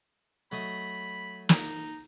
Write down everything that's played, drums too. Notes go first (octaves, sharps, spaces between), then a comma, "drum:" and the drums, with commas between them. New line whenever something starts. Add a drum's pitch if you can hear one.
F#3 A3 D#5 B5
D#4, drum: snare